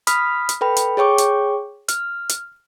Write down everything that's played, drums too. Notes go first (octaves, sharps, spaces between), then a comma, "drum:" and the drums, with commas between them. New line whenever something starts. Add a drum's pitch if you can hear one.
B5 D#6 F6 B6, drum: hi-hat
drum: hi-hat
A4 B4 G5 B5
drum: hi-hat
G#4 C#5 G5 C#6 D6
drum: hi-hat
F6, drum: hi-hat
drum: hi-hat